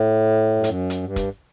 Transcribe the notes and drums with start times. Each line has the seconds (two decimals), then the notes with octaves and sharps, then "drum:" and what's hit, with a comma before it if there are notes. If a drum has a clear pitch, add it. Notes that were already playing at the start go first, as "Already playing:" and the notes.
Already playing: A2
0.56 G2
0.64 F#2, drum: hi-hat
0.90 drum: hi-hat
1.03 G2
1.16 drum: kick, hi-hat